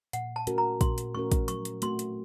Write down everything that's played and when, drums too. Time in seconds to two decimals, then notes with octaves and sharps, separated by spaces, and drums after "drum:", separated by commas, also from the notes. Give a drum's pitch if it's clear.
0.13 A#2 F#5, drum: hi-hat
0.36 A5
0.47 A3 C#4 F#4 A#4, drum: hi-hat
0.58 A#5
0.81 A#2 C6, drum: kick, hi-hat
0.98 drum: hi-hat
1.15 A3 C#4 F#4 A#4 C#6
1.32 drum: kick, hi-hat
1.48 F#3 C#6, drum: hi-hat
1.65 drum: hi-hat
1.82 A3 C4 F#4 C6, drum: hi-hat
1.99 drum: hi-hat